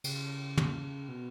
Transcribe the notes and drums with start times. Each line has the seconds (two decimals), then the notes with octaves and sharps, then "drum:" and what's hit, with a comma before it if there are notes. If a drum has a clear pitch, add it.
0.04 C#3, drum: cymbal
0.58 drum: tom
1.08 B2